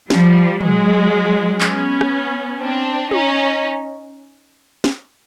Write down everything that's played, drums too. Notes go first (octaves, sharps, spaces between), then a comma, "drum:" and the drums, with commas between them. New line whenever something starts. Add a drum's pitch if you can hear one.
F3 G3, drum: snare
F#3 G#3, drum: tom
B3 C#4, drum: clap
drum: rim click
C4 D4
C#4 D#4, drum: tom
drum: snare